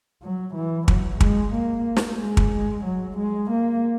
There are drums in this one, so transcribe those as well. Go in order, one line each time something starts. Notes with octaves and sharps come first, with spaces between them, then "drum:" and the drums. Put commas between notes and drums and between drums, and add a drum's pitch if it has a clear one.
F#3
E3
F#3, drum: kick
G#3, drum: kick
A#3
drum: snare
G#3
drum: kick
F#3
G#3
A#3